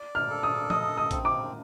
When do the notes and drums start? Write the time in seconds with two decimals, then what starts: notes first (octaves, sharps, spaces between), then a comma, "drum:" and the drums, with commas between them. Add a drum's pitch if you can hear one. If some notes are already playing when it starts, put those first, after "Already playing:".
Already playing: D5
0.15 F6
0.30 A4
0.43 D#6
0.70 D#5 D#6, drum: tom F3
0.97 D#6
1.11 C4, drum: kick A#1, hi-hat
1.25 D6